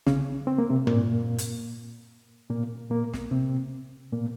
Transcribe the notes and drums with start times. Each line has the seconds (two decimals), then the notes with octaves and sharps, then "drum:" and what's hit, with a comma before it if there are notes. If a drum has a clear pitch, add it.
0.07 C#3 C#4, drum: snare
0.47 C4
0.58 A#3
0.69 C3 C4
0.87 A#2 A#3, drum: tom
1.38 drum: hi-hat
2.49 A#2 A#3
2.90 A#2 A#3
3.13 drum: snare
3.31 C3 C4
4.12 A#2 A#3